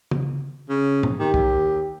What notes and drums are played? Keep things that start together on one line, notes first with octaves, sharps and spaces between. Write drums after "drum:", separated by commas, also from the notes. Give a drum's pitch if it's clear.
drum: tom C#3
C#3
drum: tom G#2
D#3 G4
D#2, drum: kick